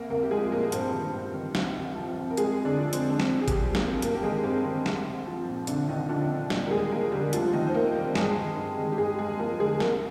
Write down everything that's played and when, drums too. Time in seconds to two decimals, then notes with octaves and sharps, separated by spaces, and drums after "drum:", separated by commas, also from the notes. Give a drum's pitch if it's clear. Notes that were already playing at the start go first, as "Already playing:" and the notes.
Already playing: C2 A#3 A#4
0.10 C2 A#3 A#4
0.23 G4
0.31 F3 G#3 G#4
0.51 A#2 A#3 A#4
0.72 G2 C4 C5, drum: hi-hat
0.93 D#3
1.14 G2
1.34 D#3
1.55 C2, drum: snare
1.76 C2
1.96 F3
2.16 C3
2.30 A#4
2.37 F2 G#3 G#4, drum: hi-hat
2.59 F2
2.65 D3 D4
2.79 F3
2.93 C4, drum: hi-hat
2.99 D3
3.10 D4
3.20 F2 C4, drum: snare
3.41 F2 G#4
3.48 G3 G4, drum: kick G1, hi-hat
3.61 F3
3.75 A#3 A#4, drum: snare
3.82 C3
4.02 G2 A#3 A#4, drum: hi-hat
4.15 G4
4.23 D#3 G#3 G#4
4.44 G2 C4
4.64 D#3 C4
4.86 C2, drum: snare
5.06 C2
5.27 F3
5.48 A#2
5.67 C2 D3 D4, drum: hi-hat
5.89 C2 D#3 D#4
6.09 D3 F3 D4
6.30 A#2
6.50 D#2 G3 G4, drum: snare
6.66 A#4
6.71 D#2 G#3 G#4
6.91 F3 A#3 A#4
7.12 D3 G3 G4
7.33 D2 F3 F4, drum: hi-hat
7.53 D2 D#3 D#4
7.67 C5
7.74 F3 A#3 A#4
7.95 C3 G3 G4
8.15 G2 G#3 G#4, drum: snare
8.36 D#3
8.57 G2
8.78 D#3
8.92 G4
8.98 G2 G#3 G#4
9.19 G2 G#3 G#4
9.39 F3 A#3 A#4
9.60 D3 G#3 G#4
9.80 C2 A#3 A#4, drum: snare